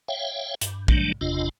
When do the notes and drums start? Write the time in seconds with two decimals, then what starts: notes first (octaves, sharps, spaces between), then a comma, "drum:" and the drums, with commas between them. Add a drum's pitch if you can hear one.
0.08 C#5 E5 F5 G5
0.61 G2, drum: hi-hat
0.88 D#3 F#3 G3 A3 D4, drum: kick A#1
1.21 F#1 E2 C3 D4 F4 D#5